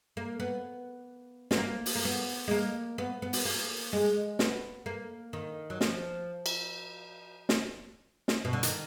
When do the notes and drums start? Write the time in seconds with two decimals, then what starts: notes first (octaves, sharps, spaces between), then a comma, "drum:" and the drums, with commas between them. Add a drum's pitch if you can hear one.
0.17 A#3
0.40 B3
1.51 B3, drum: snare
1.58 A#3
1.86 drum: open hi-hat
1.95 A#3
2.05 B3
2.48 G#3
2.51 A#3
2.98 B3
3.22 B3
3.33 drum: open hi-hat
3.45 A#3
3.93 G#3
4.39 B3, drum: snare
4.86 A#3
5.33 D#3
5.70 F#3
5.81 F3, drum: snare
6.46 drum: cymbal
7.49 drum: snare
8.28 drum: snare
8.45 B2
8.53 D3
8.63 D#3, drum: hi-hat